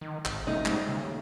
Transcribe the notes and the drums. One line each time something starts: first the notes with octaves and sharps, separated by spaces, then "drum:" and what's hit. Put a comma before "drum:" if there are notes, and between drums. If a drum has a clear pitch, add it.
D#3
G#1, drum: clap
A1 B2 A3 D#4
G#2 G3, drum: clap
D#2 C#3